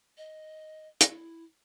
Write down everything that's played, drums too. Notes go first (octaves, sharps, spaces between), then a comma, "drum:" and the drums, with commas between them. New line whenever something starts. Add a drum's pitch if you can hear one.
D#5
E4, drum: hi-hat